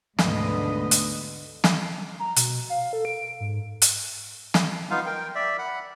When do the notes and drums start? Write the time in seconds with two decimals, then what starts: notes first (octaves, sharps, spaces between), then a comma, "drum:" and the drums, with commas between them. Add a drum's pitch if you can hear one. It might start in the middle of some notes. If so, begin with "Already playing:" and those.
0.19 D2 G#2 B2 D3 B4 D#5, drum: snare
0.91 drum: hi-hat
1.64 drum: snare
2.19 A#5
2.36 B2, drum: hi-hat
2.70 F5
2.93 A4
3.05 D7
3.40 G#2
3.82 drum: hi-hat
4.54 drum: snare
4.91 B3 D#4 F4 F5
5.06 A#4 G5
5.35 D5 E5
5.59 F#5 B5